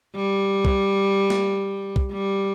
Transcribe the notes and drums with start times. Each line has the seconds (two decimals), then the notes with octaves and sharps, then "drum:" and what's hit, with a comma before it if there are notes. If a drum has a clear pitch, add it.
0.15 G3
0.65 drum: kick
1.30 drum: snare A#3
1.96 drum: kick
2.12 G3